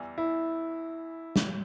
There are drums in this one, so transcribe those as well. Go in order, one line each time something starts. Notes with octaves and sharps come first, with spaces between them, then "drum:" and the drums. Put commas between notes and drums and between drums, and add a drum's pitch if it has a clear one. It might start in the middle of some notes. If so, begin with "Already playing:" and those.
Already playing: E2 E3 G3
E4
drum: snare